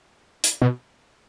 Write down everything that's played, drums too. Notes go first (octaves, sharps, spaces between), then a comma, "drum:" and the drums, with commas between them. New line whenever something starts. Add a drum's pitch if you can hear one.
drum: hi-hat
B2